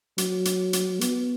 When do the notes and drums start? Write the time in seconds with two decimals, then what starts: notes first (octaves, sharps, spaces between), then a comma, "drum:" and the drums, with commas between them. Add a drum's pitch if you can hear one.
0.18 F#3, drum: hi-hat
0.45 drum: hi-hat
0.73 drum: hi-hat
1.01 B3, drum: hi-hat